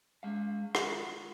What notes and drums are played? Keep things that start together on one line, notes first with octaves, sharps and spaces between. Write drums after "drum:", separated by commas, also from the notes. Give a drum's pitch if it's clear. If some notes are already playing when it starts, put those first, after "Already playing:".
G#3 F5
F4 F#4, drum: rim click